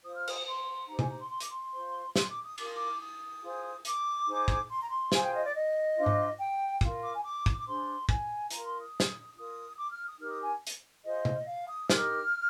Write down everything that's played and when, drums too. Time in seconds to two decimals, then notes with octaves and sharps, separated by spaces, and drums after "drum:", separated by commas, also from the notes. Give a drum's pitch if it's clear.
0.04 F4 C5 D#6
0.16 F6
0.27 D#6, drum: cymbal
0.46 C6
0.88 D#4 G4 C5 A#5
0.99 G#5, drum: tom
1.09 A#5
1.20 C6
1.31 C6
1.40 D6, drum: hi-hat
1.50 C6
1.73 F4 C5
2.16 C6, drum: snare
2.29 D6
2.44 D#6
2.58 F4 A#4 D6, drum: cymbal
2.66 D#6
2.73 D6
3.00 D#6
3.42 F4 G#4 C5
3.85 D6, drum: hi-hat
4.27 D#4 G#4 C5
4.48 drum: kick
4.69 C6
4.79 A#5
4.89 C6
5.12 F4 G#4 C5 G#5, drum: snare
5.22 G5
5.33 D#5
5.43 D5
5.54 D#5
5.96 D4 F4 C5
6.06 drum: tom G#2
6.39 G5
6.81 F4 A#4, drum: kick
7.02 D6
7.13 G#5
7.23 D6
7.46 drum: kick
7.58 D6
7.66 D4 G#4 C5 C6
8.09 G#5, drum: kick
8.50 F4 A#4 A#5, drum: hi-hat
8.65 C6
8.79 D#6
9.00 drum: snare
9.35 F4 A#4 D#6
9.78 D6
9.92 F6
10.06 D#6
10.20 D#4 G4 A#4 F6
10.31 D#6
10.41 G#5
10.67 drum: hi-hat
11.04 F4 G#4 C5 D#5
11.25 drum: tom
11.47 F5
11.68 D#6
11.90 D#4 G4 A#4 F6, drum: snare